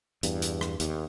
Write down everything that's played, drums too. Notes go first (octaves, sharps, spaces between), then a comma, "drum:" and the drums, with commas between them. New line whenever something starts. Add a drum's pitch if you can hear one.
E2 G2, drum: hi-hat
drum: hi-hat
drum: rim click
D#2, drum: hi-hat